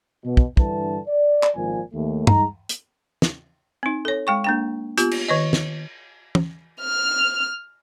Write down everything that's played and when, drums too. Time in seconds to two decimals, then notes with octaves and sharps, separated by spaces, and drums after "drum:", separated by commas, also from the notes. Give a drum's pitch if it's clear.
0.25 B2
0.37 drum: kick
0.57 G2 D3 E3 B4 A5, drum: kick
1.08 D5
1.43 drum: clap
1.55 G#1 A#2 F3 G#5
1.93 D#2 A3
2.27 G3 G#3 D#4 A#5, drum: tom
2.69 drum: hi-hat
3.22 drum: snare
3.83 C4 D#4
4.05 A4 C#5
4.27 G#3 G5 C#6
4.44 A#3 D4 G5
4.98 B3 F4 G4, drum: hi-hat
5.11 drum: cymbal
5.28 D#3 C#5 D#5
5.53 drum: snare
6.35 drum: tom
6.80 F6